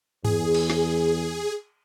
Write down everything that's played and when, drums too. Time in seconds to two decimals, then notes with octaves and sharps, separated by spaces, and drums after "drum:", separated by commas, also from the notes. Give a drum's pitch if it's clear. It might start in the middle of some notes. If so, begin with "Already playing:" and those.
0.24 E2 G#4, drum: tom G2
0.54 drum: cymbal
0.70 drum: snare